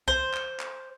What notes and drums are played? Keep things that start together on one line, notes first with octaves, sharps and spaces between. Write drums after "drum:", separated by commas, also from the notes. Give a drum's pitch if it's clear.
C5, drum: kick C2
drum: clap
drum: clap